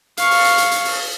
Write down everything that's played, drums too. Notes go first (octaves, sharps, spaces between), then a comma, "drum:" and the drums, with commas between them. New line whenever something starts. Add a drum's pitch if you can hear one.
F5 C#6, drum: hi-hat
drum: open hi-hat
drum: hi-hat
drum: hi-hat
drum: hi-hat
drum: open hi-hat